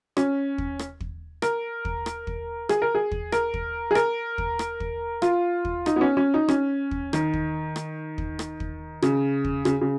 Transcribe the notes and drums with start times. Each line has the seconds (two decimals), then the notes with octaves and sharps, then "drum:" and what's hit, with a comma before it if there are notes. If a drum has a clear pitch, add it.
0.17 C#4, drum: rim click
0.58 drum: kick
0.79 drum: rim click
1.00 drum: kick
1.42 A#4, drum: rim click
1.85 drum: kick
2.06 drum: rim click
2.27 drum: kick
2.69 G#4, drum: rim click
2.82 A#4
2.95 G#4
3.11 drum: kick
3.32 A#4, drum: rim click
3.54 drum: kick
3.91 G#4
3.95 A#4, drum: rim click
4.38 drum: kick
4.59 drum: rim click
4.80 drum: kick
5.22 F4, drum: rim click
5.65 drum: kick
5.86 D#4, drum: rim click
5.96 B3
6.01 C#4
6.17 C#4
6.34 D#4
6.48 C#4, drum: rim click
6.91 drum: kick
7.13 D#3, drum: rim click
7.33 drum: kick
7.76 drum: rim click
8.18 drum: kick
8.39 drum: rim click
8.60 drum: kick
9.02 C#3, drum: rim click
9.44 drum: kick
9.65 C#3, drum: rim click
9.81 C#3